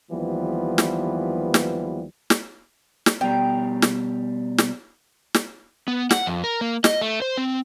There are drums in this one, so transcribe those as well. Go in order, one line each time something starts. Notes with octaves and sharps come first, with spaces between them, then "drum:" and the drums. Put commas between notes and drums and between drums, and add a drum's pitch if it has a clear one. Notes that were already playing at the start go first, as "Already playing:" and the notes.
D#2 E3 F3 G3 B3
drum: snare
drum: snare
drum: snare
drum: snare
B2 G3 A#4 G5
drum: snare
drum: snare
drum: snare
B3
F#5, drum: snare
F2
A#4
A#3
D#5, drum: snare
A3
C5
C4